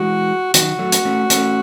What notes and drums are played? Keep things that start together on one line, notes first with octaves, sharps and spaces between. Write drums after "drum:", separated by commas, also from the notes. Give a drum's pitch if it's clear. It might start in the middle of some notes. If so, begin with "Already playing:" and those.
Already playing: E3 G#3 F#4
D#3 F#3 F#4, drum: hi-hat
F#3 A3
drum: hi-hat
A3 C#4
A3 C#4, drum: hi-hat